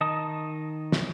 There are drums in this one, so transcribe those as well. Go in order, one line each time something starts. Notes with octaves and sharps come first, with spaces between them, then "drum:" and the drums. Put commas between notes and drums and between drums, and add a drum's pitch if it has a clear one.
D#3 D#4 D#5 A5 D#6
drum: snare